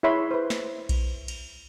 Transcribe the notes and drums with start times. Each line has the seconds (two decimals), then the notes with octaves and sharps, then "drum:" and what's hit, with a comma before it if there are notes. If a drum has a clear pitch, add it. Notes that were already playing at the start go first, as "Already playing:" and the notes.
0.03 E4 G#4 C#5 E5 B5 C6
0.31 B4 C5
0.50 drum: snare
0.89 drum: kick A#1, cymbal
1.28 drum: cymbal